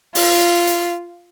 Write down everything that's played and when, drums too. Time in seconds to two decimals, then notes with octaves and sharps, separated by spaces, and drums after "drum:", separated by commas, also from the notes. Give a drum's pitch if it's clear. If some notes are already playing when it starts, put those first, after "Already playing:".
0.15 F4, drum: open hi-hat
0.67 drum: hi-hat